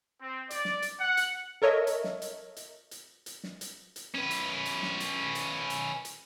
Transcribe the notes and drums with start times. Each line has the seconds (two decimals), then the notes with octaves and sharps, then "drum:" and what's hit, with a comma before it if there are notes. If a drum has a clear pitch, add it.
0.22 C4
0.50 D5, drum: hi-hat
0.65 drum: snare
0.82 drum: hi-hat
1.00 F#5
1.17 drum: hi-hat
1.62 A4 A#4 C#5 D#5 E5
1.87 drum: hi-hat
2.04 drum: snare
2.22 drum: hi-hat
2.56 drum: hi-hat
2.91 drum: hi-hat
3.26 drum: hi-hat
3.44 drum: snare
3.61 drum: hi-hat
3.96 drum: hi-hat
4.15 C#4 B4
4.31 drum: hi-hat
4.65 drum: hi-hat
4.83 drum: snare
5.00 drum: hi-hat
5.35 drum: hi-hat
5.70 drum: hi-hat
6.05 drum: hi-hat